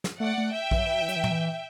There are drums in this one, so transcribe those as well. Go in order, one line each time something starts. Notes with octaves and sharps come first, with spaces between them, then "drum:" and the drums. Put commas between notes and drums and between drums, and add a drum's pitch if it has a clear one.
drum: snare
A3 D5 F#5
A3
E5 G5
E3, drum: kick A#1
F#3
E3
F#3
E3
F#3, drum: hi-hat
E3
F#3, drum: tom
E3